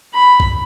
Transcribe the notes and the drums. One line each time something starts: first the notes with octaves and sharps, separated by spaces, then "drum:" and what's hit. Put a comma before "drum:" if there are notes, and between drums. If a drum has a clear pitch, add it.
B5
drum: kick A#1